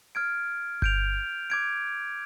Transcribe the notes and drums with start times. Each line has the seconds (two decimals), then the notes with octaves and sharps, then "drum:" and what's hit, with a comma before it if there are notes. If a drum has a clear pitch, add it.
0.15 F6 G#6 D7
0.82 G6 D7 F7, drum: kick G1
1.50 D6 G#6 D7